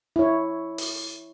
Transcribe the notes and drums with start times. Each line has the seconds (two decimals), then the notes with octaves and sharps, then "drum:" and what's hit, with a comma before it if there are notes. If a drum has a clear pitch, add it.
0.16 E4 C#5
0.78 drum: open hi-hat